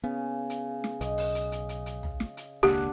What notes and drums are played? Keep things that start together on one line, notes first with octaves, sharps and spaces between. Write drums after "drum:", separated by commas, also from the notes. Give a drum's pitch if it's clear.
C#3 B3
drum: hi-hat
drum: snare
B1 D#5, drum: hi-hat
drum: open hi-hat
drum: hi-hat
drum: hi-hat
drum: hi-hat
drum: hi-hat
drum: tom
drum: snare
drum: hi-hat
E1 C#2 A#3 D4 G4 F#5